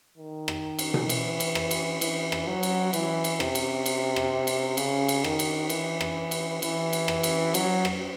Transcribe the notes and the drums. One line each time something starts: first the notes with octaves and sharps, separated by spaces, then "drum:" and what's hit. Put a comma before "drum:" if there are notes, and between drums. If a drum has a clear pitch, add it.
D#3
drum: rim click
drum: cymbal
drum: tom B2
E3, drum: cymbal
drum: cymbal
drum: rim click
drum: cymbal
E3, drum: cymbal
drum: rim click
F#3
drum: cymbal
E3, drum: cymbal
drum: cymbal
C3, drum: rim click
drum: cymbal
drum: cymbal
drum: rim click
drum: cymbal
C#3, drum: cymbal
drum: cymbal
D#3, drum: rim click
drum: cymbal
E3, drum: cymbal
drum: rim click
drum: cymbal
E3, drum: cymbal
drum: cymbal
drum: rim click
drum: cymbal
F#3, drum: cymbal
drum: rim click